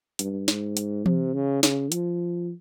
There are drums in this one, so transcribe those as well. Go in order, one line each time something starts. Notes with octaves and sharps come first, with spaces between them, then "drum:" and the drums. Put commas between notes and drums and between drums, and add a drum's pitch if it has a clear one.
G2, drum: hi-hat
G#2, drum: snare
drum: hi-hat
C3, drum: tom E3
C#3
C#3, drum: snare
F3, drum: hi-hat